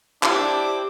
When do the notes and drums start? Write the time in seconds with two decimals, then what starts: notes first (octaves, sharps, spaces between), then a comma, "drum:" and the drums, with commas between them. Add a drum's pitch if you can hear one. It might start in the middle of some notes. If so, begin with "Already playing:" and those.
0.23 C4 D4 E4 G4 D6, drum: clap